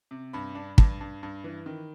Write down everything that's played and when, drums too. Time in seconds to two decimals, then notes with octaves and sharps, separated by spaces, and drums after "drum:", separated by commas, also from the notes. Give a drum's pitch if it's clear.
0.11 C3
0.33 G2 B5
0.55 D4
0.78 G2, drum: kick
1.01 G2
1.23 G2
1.44 E3
1.66 D#3